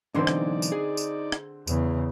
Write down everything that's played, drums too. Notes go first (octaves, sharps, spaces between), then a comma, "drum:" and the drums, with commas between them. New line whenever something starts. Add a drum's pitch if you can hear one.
B1 D3 E3 C4 D#4 D5 C6
drum: rim click
drum: tambourine
G#4
drum: tambourine
drum: rim click
E2 C#3, drum: tambourine